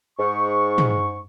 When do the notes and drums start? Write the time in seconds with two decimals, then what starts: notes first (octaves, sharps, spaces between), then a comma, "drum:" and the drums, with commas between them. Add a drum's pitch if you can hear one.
0.19 G#2 C#6
0.78 drum: tom